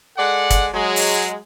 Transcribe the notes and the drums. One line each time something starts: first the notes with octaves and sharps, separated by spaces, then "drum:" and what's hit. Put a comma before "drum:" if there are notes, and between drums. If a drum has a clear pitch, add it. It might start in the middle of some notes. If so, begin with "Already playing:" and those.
G#3 A4 D5 F#5
drum: kick, hi-hat
F#3 G#3
drum: open hi-hat